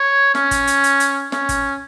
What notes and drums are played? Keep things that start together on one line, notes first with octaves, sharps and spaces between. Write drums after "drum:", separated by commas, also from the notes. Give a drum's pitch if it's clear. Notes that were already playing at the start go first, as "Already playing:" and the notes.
Already playing: C#5
C#4, drum: snare
drum: kick, hi-hat
drum: hi-hat
drum: hi-hat
drum: hi-hat
C#4, drum: snare
drum: kick, hi-hat